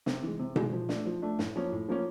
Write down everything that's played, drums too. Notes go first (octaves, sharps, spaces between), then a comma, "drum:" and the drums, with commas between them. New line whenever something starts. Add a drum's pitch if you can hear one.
C3, drum: snare
E3 G#3
C3
E3 G#3, drum: tom B2
F3
A3 D4, drum: snare
F3
A3 D4
A2, drum: snare
F3 A#3 C#4
A2
F3 A#3 C#4